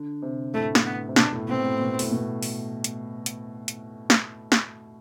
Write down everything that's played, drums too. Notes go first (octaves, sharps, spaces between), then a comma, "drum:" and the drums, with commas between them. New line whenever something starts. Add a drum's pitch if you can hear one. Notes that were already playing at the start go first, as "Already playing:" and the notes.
Already playing: D3
C3
A2 A3
drum: snare
B3
C3
B2 D4, drum: snare
A2
B2 C4
A2
B2
A2, drum: open hi-hat
B2
drum: open hi-hat
drum: hi-hat
drum: hi-hat
drum: hi-hat
drum: snare
drum: snare